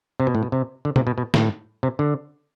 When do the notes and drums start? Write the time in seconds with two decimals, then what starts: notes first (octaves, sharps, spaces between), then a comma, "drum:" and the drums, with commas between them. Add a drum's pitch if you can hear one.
0.20 C3
0.27 B2
0.35 A2
0.43 B2
0.52 C3
0.85 D3
0.96 C3, drum: tom
1.07 B2
1.18 B2
1.34 A2, drum: snare
1.83 C3
1.99 D3